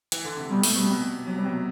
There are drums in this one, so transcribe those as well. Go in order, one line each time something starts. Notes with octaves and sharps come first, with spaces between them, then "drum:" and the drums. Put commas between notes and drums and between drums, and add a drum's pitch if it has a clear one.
E3, drum: hi-hat
D3
C3
B2 G3
A3, drum: open hi-hat
C3
B2 G3
B2
C3
C3 F#3
G3
B2 F#3